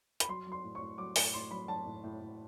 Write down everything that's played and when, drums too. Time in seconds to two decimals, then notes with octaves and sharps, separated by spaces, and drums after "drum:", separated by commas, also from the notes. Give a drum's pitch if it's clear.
0.20 B5, drum: hi-hat
0.28 F#3 C6
0.47 F#3
0.52 C6
0.64 A2
0.75 C#6
0.81 A2
0.98 F#3 D6
1.16 A2, drum: open hi-hat
1.34 A2 C6
1.51 F#3 B5
1.68 F#3 A5
1.86 A2
2.04 A2
2.21 A2